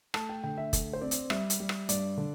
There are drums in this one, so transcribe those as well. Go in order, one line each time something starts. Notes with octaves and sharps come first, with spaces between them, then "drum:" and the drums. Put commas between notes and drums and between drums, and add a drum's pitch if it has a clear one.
A3 A5, drum: rim click
G5
D3 G5
E5
A3, drum: kick, hi-hat
C5
C4 D5
drum: hi-hat
G3 E5, drum: rim click
drum: hi-hat
G3
drum: rim click
G2 D5, drum: hi-hat
D3